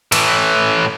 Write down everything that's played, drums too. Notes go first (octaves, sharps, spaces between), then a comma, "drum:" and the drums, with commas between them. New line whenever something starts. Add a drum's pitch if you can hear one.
A2 E3, drum: cymbal